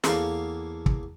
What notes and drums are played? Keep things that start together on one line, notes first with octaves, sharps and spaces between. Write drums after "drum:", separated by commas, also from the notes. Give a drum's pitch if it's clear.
E2 A#3 A4 C#5 F5, drum: snare
drum: kick